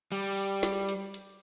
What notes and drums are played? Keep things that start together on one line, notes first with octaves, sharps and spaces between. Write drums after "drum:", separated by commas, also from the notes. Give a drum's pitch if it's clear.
G3, drum: hi-hat
drum: open hi-hat
drum: snare
drum: hi-hat
drum: hi-hat